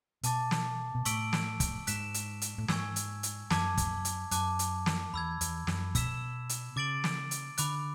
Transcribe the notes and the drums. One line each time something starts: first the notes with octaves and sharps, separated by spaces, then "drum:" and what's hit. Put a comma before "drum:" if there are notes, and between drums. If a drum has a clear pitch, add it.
B2 A5 D6 A6, drum: hi-hat
drum: snare
B2
A2 C#6 E6 B6 D7 F#7, drum: hi-hat
drum: snare
drum: kick, hi-hat
G#2 F#6 B6 E7, drum: hi-hat
drum: hi-hat
drum: hi-hat
A2
G#2 G#5 C#6 E6 G#6, drum: snare
drum: hi-hat
drum: hi-hat
F#2 A5 D6 G#6 B6, drum: snare
drum: kick, hi-hat
drum: hi-hat
F#2 A5 D6 F#6, drum: hi-hat
drum: hi-hat
drum: snare
E2 B5 E6 G#6
E2, drum: hi-hat
F#2, drum: snare
B2 E6 B6 E7, drum: kick, hi-hat
drum: hi-hat
C#3 D6 A6 D7 F#7
drum: snare
drum: hi-hat
D3 B5 D6 F#6, drum: hi-hat